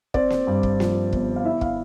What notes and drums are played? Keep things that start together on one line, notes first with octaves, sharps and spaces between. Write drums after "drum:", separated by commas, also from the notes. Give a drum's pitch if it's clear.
C4 D5, drum: kick
drum: snare A#3
G2
drum: kick
F3, drum: snare A#3
G1, drum: kick
F5
E4 E5
F5, drum: kick